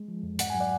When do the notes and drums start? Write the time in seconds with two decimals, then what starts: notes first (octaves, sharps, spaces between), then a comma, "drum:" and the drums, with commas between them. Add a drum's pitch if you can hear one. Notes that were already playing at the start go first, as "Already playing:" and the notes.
Already playing: G#3
0.08 F3
0.23 F2
0.39 G#2 F#5, drum: hi-hat
0.50 F#3 G#5
0.60 D5 F#5